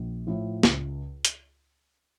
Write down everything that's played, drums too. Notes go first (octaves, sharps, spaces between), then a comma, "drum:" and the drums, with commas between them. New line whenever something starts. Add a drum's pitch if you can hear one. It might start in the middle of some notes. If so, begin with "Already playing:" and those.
Already playing: A#1
A2 F3
C#2, drum: snare
drum: hi-hat